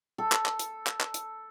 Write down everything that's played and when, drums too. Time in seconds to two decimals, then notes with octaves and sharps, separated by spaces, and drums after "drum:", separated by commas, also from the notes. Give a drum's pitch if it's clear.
0.18 A4
0.32 drum: clap
0.46 drum: clap
0.59 drum: hi-hat
0.87 drum: clap
1.01 drum: clap
1.14 drum: hi-hat